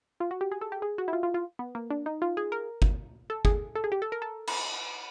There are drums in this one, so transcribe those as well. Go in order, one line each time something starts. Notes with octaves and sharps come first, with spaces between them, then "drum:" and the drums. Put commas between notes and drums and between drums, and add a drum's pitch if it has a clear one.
F4
F#4
G4
G#4
A4
G4
G#4
F#4
E4
F4
F4
F4
B3
A#3
D4
D#4
F4
G#4
A#4
drum: kick G1
A4
G#4, drum: kick G1
A4
G#4
G4
A4
A#4
A4
drum: cymbal